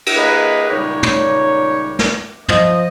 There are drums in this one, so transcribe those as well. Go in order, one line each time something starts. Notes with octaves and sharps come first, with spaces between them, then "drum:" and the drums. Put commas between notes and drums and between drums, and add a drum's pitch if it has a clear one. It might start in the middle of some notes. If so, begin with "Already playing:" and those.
drum: cymbal
A#3 G#4 B4 D#5
C#2 A#2 G3 D#4 G4 C#5
drum: tom
drum: snare
F3 D#5, drum: tom